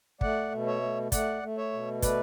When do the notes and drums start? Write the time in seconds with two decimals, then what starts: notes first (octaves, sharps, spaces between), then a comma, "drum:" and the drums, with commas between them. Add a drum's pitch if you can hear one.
0.21 A3 D5 F#5, drum: kick
0.52 B2
0.66 C#5 E5
0.82 A3
1.12 A3 D5 F#5, drum: kick, hi-hat
1.43 A3
1.57 C#5 E5
1.73 B2
2.02 A3 B4 D5, drum: kick, hi-hat